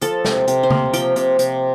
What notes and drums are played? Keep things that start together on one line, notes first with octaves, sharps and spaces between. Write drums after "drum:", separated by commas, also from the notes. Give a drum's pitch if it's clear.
F3 A4, drum: hi-hat
C3, drum: snare
C3, drum: hi-hat
C5
A#3, drum: tom C#3
F3 G5, drum: hi-hat
C3, drum: hi-hat
C3, drum: hi-hat